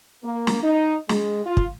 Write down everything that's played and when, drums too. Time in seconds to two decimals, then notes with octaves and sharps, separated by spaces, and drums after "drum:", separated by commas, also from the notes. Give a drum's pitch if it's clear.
0.24 A#3
0.47 drum: snare
0.63 D#4
1.09 G#3, drum: snare
1.46 F4
1.57 drum: kick